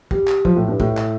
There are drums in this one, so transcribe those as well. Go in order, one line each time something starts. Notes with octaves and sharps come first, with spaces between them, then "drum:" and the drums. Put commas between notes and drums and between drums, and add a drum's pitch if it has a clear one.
G3, drum: kick
drum: clap
F3, drum: kick
A2
G2
A2, drum: kick
drum: clap